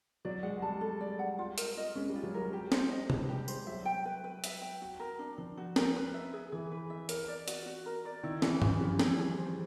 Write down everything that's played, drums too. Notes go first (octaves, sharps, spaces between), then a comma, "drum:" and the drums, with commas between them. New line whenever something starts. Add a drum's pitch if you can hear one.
F#3 D5
G#3 F#5
G#3
G3 A5
A4
D5
F#5
F4
A#4, drum: hi-hat
D#5
G#3 C#4
G3
F4
F#3
G3 A#4
G4
C5, drum: snare
D#5
G3 D4, drum: tom C3
G#3
G3 G4
C5, drum: tambourine
G3
F#3 E5
G5
B4
B4
E5, drum: hi-hat
G5
F#4
A#4
D4
F3 D4
F#4
A#4, drum: snare
B4
E5
G#4
E3 G#4
B4
E5
A#4, drum: hi-hat
D5
F#4, drum: hi-hat
F#4
A#4
D5
D#3 E4
E3 G#4, drum: snare
F3 C#4, drum: tom G2
G3 C#4
E4, drum: snare
G#4
C5